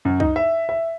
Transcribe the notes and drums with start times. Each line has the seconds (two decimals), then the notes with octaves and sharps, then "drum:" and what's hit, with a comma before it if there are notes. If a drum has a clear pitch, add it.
0.05 F#2
0.20 D#4, drum: kick C2
0.36 E5
0.69 E5